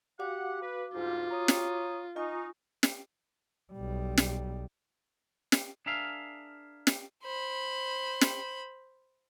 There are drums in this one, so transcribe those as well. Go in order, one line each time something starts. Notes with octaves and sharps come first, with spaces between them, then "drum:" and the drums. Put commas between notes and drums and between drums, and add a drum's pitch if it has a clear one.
F#4 G4 F5 F#5 D6
B4
D2 G#2 G3 F4
C#5 A#5 D#6
drum: snare
D#4 F4 G#5 C#6
drum: snare
B1 G3
drum: snare
drum: snare
D4 G#4 A#4 E5 F5
drum: snare
C5 B5
drum: snare